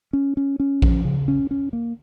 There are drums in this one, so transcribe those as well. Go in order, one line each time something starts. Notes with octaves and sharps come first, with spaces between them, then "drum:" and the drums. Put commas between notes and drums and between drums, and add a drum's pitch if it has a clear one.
C#4
C#4
C#4
F3, drum: kick A#1
C#3
C#4
C#4
A#3